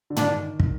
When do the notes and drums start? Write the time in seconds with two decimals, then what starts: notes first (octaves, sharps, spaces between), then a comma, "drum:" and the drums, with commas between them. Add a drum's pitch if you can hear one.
0.10 D3
0.16 D#3 D4, drum: tom
0.60 drum: kick